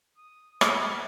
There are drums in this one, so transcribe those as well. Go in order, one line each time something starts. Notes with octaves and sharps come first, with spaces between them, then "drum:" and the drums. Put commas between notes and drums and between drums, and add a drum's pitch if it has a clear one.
D#6
B4 B5 G#6 C#7 E7, drum: rim click